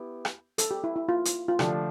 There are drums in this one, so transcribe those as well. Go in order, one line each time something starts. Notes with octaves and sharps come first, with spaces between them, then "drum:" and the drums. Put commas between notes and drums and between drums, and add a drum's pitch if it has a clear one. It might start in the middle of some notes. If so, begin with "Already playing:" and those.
Already playing: B3 E4 G4
drum: rim click
A4, drum: hi-hat
G4
E4
E4
F4
drum: hi-hat
F4
D3 F3 A3 D4 F4 G4, drum: rim click